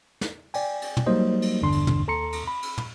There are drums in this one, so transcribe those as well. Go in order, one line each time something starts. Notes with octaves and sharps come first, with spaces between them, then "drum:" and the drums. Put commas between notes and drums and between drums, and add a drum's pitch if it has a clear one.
drum: snare
D5 G5 G#5, drum: cymbal
drum: cymbal
drum: tom
F#3 G3 A#3 D#4 C5 D#5
drum: cymbal
A1 E2 G2 D3 D4 C6
drum: cymbal
drum: tom
D#2 A4 A#5 C6 C#7
drum: cymbal
B5
drum: cymbal
drum: tom